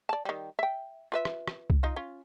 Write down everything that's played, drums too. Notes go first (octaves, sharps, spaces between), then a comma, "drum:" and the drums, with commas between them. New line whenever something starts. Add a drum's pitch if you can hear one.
D5 A5
D#3 G3
E5 G5
F4 B4 E5
drum: rim click
drum: rim click
drum: kick C2
D#4 F4 D#5
C#4 F4